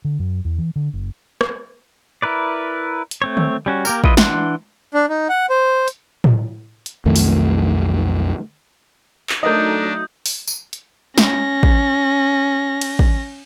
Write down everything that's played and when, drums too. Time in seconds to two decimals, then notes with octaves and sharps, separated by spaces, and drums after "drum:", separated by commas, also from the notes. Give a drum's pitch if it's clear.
0.05 D3
0.19 F#2
0.45 E2
0.58 E3
0.76 D3
0.93 F#1
1.41 drum: rim click
2.22 E4 A#4 B4 D5
3.11 drum: hi-hat
3.22 A3 C4 C#5
3.37 drum: tom D3
3.66 G3 C#4 F#4
3.85 A#3 G4 A#4, drum: tambourine
4.04 E4 F4 B4 D#5, drum: kick
4.17 E3 D4 F#5 C6, drum: snare
4.94 D4
5.09 D#4
5.29 F#5
5.50 C5
5.88 drum: hi-hat
6.24 drum: tom A2
6.86 drum: hi-hat
7.06 B1 F2 D#3 A3
7.16 drum: open hi-hat
9.29 drum: clap
9.43 F#3 A3 D4 D#4 A#4 D#5 D#6 G6
10.26 drum: open hi-hat
10.47 drum: tambourine
10.73 drum: hi-hat
11.18 C#4 A#6, drum: snare
11.63 drum: kick
12.81 drum: cymbal
12.99 drum: kick